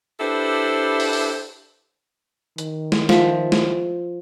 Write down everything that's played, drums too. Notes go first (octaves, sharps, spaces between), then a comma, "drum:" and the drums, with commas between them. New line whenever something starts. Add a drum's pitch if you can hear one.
D4 E4 G4 A4 B4 C5
drum: open hi-hat
drum: open hi-hat
D#3, drum: hi-hat
drum: snare
F3 E5, drum: snare
drum: snare